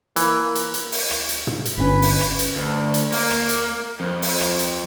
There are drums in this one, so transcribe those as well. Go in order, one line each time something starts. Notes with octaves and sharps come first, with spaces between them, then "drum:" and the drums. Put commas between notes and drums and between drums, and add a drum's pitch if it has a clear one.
E3 A#3, drum: hi-hat
drum: hi-hat
drum: hi-hat
drum: open hi-hat
drum: rim click
drum: hi-hat
drum: tom
drum: hi-hat
G1 D3 C#4 B4
drum: open hi-hat
drum: rim click
drum: hi-hat
D2
drum: hi-hat
A#3, drum: open hi-hat
drum: rim click
drum: hi-hat
F2
drum: open hi-hat
drum: rim click
drum: hi-hat